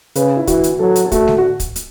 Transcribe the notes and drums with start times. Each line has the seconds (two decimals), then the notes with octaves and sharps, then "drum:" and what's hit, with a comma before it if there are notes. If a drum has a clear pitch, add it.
0.15 C#3 B4, drum: hi-hat
0.37 E4
0.47 E3 F#4, drum: kick, hi-hat
0.64 drum: hi-hat
0.79 F#3 A4
0.96 drum: hi-hat
1.05 A4
1.12 A3 F#4, drum: kick, hi-hat
1.28 drum: snare G#3
1.38 F#4
1.60 drum: kick, hi-hat
1.76 drum: hi-hat